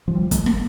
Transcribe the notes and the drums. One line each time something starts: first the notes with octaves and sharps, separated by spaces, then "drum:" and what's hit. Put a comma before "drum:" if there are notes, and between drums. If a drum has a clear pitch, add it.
F3
G3
A3, drum: kick, hi-hat
A#3, drum: rim click